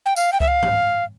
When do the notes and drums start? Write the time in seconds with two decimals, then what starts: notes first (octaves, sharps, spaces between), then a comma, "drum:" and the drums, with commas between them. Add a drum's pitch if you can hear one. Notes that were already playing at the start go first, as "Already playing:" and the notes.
0.06 G5
0.16 F5, drum: tambourine
0.33 G5
0.40 E5, drum: kick C2
0.48 F5
0.62 drum: tom